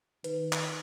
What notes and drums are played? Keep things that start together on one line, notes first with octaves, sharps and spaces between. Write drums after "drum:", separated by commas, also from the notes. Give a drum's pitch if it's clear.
D#3 B4, drum: hi-hat
drum: clap